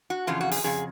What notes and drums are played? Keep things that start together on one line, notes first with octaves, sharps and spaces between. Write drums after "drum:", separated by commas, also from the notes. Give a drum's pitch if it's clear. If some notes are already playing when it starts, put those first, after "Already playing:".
F#4
F2 C#3 E3 F4
F#4
G#4, drum: open hi-hat
F2 C#3 G#4